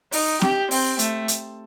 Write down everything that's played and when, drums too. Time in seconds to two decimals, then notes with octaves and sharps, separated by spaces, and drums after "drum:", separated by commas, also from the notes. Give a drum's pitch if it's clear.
0.12 D#4, drum: open hi-hat
0.41 G4, drum: snare C4
0.71 C4, drum: open hi-hat
0.99 A3, drum: hi-hat
1.28 drum: hi-hat